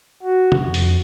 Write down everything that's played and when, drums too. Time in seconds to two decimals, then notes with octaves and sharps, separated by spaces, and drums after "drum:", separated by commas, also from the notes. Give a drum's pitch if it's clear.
0.23 F#4
0.52 drum: tom
0.62 F2
0.74 drum: open hi-hat